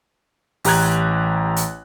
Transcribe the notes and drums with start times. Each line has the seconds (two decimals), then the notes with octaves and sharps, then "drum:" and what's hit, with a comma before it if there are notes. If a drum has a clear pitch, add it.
0.64 A1 G4 A#5 F#6 G#6, drum: open hi-hat
1.56 drum: hi-hat